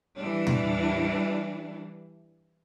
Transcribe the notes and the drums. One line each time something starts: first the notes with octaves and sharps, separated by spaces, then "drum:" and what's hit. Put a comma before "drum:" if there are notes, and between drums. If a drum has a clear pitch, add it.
E3 G3 D4
drum: tom